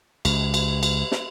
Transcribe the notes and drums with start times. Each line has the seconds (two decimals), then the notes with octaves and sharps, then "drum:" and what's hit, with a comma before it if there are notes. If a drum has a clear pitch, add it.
0.25 C#2, drum: cymbal
0.54 drum: cymbal
0.83 drum: cymbal
1.12 drum: snare